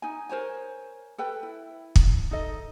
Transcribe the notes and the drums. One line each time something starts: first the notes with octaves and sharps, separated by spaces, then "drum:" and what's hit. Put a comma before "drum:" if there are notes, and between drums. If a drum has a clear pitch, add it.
D#4 G#5
A#4 C5 C#5 G#5
A4 B4 G5
E4
drum: kick
D#4 A4 D#5